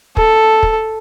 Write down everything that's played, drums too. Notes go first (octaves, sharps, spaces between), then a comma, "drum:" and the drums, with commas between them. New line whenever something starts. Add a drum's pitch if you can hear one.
A4, drum: kick
drum: kick